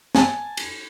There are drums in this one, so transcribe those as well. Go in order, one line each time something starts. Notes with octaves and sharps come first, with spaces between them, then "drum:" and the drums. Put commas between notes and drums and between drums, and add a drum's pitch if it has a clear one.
G#5 A5, drum: snare
drum: cymbal